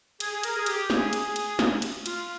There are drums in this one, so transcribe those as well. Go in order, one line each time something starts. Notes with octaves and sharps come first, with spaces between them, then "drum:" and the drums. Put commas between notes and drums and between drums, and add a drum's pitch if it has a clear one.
G#4, drum: cymbal
G#4
A#4, drum: cymbal
G#4
G4, drum: cymbal
G#4, drum: snare
drum: cymbal
drum: cymbal
drum: snare
drum: cymbal
F4, drum: cymbal